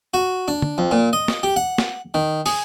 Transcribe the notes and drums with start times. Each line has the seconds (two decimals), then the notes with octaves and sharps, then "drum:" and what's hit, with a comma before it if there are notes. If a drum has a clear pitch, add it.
0.14 F#4
0.48 D4
0.62 drum: tom
0.78 F2
0.91 A#2
1.13 D#5
1.28 drum: snare
1.43 G4
1.56 F#5
1.78 drum: snare
2.14 D#3
2.46 G#4, drum: open hi-hat